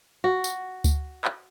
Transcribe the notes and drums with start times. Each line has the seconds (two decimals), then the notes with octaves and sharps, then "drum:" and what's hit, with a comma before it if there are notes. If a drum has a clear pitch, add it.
0.24 F#4
0.44 drum: tambourine
0.84 drum: kick D2, tambourine
1.25 drum: clap